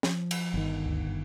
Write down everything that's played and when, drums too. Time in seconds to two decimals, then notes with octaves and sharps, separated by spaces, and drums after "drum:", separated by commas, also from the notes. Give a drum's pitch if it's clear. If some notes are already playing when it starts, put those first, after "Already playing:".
0.03 F3, drum: snare
0.31 drum: cymbal
0.54 G1 D#3
0.85 D2
1.08 G2